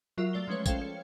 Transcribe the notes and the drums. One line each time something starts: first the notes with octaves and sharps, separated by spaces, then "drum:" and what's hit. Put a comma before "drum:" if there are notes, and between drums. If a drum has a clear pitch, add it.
F#3 F4 A#4 E5
A3 D5 C7 G7
F3 G#3 C#4 B4 C#5
C#4 A4 C5 F5 G5 G#6, drum: kick, tambourine
C#7